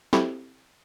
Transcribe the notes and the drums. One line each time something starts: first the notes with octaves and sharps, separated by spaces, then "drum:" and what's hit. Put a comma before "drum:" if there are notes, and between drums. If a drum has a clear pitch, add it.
C4 E4 F#4 G4 A4, drum: snare